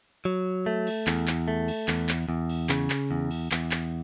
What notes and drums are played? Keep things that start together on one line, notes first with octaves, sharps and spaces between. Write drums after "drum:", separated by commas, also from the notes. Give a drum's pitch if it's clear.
F#3
A3
drum: cymbal
E2, drum: clap
drum: clap
A3
drum: cymbal
E2, drum: clap
drum: clap
E2
drum: cymbal
C#3, drum: clap
drum: clap
E2
drum: cymbal
E2, drum: clap
drum: clap